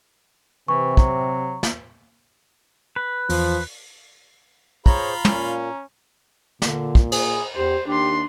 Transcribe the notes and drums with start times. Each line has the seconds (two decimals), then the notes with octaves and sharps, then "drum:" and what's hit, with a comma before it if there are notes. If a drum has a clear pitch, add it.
0.68 C3 E3 C#6
0.97 F#3, drum: kick
1.63 drum: snare
2.96 B4
3.30 E2 F3, drum: open hi-hat
4.86 F4 G#4 C5 C#5 A#5 B5, drum: kick
5.25 A#2 C#4, drum: tom
6.62 A#2 D3, drum: snare
6.95 drum: kick
7.12 G#4, drum: cymbal
7.56 E2 G4 C5
7.88 D#2 D4 G4 C6